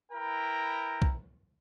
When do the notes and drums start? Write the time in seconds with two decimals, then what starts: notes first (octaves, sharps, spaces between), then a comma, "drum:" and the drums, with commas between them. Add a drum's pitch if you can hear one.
0.12 E4 A#4 B4 G5 A#5
1.02 drum: kick